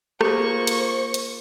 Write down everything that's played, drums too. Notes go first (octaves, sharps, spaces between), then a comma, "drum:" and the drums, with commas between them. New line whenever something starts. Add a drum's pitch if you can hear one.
A#3 F4 G4 G#4 C5 C#6, drum: rim click
drum: hi-hat
drum: hi-hat